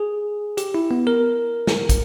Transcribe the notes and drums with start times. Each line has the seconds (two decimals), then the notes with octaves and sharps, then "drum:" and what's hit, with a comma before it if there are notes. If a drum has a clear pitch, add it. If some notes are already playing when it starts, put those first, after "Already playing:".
Already playing: G#4
0.57 G4, drum: hi-hat
0.75 E4
0.91 B3
1.07 A#4
1.67 drum: snare
1.89 drum: kick, hi-hat